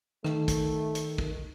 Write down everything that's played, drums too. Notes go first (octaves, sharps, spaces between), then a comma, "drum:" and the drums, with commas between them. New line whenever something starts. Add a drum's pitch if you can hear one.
D#3 A3, drum: rim click
drum: kick, hi-hat
drum: hi-hat
drum: kick